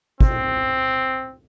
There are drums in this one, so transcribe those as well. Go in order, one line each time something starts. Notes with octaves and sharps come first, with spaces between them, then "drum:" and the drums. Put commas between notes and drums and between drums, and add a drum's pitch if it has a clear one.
C4, drum: kick